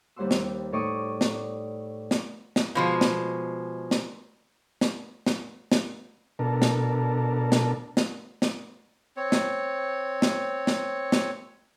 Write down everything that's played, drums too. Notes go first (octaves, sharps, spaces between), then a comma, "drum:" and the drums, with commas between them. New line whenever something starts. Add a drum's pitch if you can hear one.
D#2 G3 C5 F#5 C6 E6
drum: snare
A2 D#4 D5 C#6 D#6
drum: snare
drum: snare
drum: snare
B2 F3 G#3
drum: snare
drum: snare
drum: snare
drum: snare
drum: snare
B2 D4 A4 A#4
drum: snare
drum: snare
drum: snare
drum: snare
C4 C#5
drum: snare
drum: snare
drum: snare
drum: snare